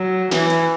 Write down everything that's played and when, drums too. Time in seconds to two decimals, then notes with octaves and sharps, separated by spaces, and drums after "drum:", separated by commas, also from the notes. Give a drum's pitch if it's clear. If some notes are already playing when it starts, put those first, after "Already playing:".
Already playing: F#3
0.31 E3, drum: snare
0.50 drum: hi-hat